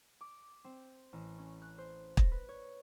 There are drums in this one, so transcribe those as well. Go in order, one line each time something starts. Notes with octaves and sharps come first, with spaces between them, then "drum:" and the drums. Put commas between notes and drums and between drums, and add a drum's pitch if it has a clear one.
D6
C4
A1
C#4
F#6
C5
A#6, drum: kick
B4
C#5